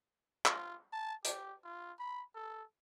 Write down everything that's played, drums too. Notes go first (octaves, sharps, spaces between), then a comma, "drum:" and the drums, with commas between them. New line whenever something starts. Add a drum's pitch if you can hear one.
F4, drum: clap
A5
G4, drum: hi-hat
F4
B5
A4